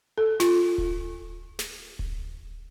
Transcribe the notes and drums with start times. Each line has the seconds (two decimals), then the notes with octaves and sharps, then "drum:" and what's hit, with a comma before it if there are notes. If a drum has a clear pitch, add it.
0.18 A4
0.40 F4, drum: snare
0.78 drum: kick D1
1.59 drum: snare
1.99 drum: kick D1